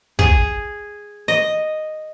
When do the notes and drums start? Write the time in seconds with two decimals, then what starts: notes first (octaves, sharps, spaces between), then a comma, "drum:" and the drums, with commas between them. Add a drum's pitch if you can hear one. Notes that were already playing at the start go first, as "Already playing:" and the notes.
0.19 G#4, drum: kick
1.28 D#5